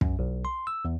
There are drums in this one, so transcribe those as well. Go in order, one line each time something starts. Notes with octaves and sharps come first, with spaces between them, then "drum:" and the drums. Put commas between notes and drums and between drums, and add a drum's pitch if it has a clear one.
F#2, drum: kick
B1
C6
E6
E2